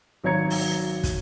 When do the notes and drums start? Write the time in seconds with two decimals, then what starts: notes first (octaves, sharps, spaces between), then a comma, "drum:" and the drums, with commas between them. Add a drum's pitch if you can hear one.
0.24 G#1 F#3 C#5 A#5 G#6 C#7
0.50 drum: open hi-hat
1.03 drum: kick, hi-hat